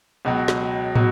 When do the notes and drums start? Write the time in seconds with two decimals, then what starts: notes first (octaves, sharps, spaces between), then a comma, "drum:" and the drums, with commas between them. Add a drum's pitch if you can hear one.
0.25 C#2 B2 F#3
0.48 drum: snare
0.95 B2 F#3, drum: tom